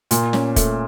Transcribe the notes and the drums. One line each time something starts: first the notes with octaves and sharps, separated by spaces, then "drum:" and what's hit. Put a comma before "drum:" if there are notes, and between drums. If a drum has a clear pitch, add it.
A#2, drum: hi-hat
C#4, drum: snare
A3, drum: kick, hi-hat